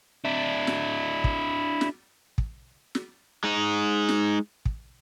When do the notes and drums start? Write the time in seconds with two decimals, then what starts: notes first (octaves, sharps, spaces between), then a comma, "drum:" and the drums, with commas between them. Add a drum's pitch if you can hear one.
0.25 D4 E4
0.67 drum: snare
1.24 drum: kick
1.81 drum: snare
2.38 drum: kick
2.95 drum: snare
3.44 G#3 D#4
4.09 drum: snare
4.65 drum: kick